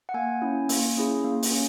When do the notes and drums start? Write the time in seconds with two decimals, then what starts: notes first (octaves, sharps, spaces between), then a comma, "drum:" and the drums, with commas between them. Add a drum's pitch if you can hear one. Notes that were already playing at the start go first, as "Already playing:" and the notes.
0.09 F#5
0.14 A#3 G#5
0.42 C#4 E4
0.69 A#3, drum: open hi-hat
0.97 C#4 E4 G#4
1.24 A#3
1.43 drum: open hi-hat
1.52 C#4